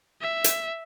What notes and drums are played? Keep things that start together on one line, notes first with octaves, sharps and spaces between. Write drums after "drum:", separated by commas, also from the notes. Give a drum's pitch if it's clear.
E5
drum: hi-hat